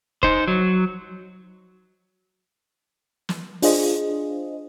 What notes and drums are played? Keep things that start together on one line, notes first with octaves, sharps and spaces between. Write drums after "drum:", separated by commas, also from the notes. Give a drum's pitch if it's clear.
D#4 C5, drum: kick
F#3
drum: snare
D4 F4 G#4 C5 D#5, drum: open hi-hat